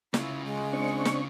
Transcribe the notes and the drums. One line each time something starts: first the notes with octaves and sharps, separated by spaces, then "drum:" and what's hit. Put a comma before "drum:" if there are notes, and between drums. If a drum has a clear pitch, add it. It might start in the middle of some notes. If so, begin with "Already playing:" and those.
C#3 E4 F4, drum: snare
G#3
C4 D4 C#6
drum: snare